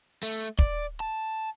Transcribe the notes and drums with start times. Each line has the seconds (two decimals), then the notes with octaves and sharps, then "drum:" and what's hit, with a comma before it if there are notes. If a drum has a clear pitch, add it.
0.23 A3
0.59 D5, drum: kick
1.00 A5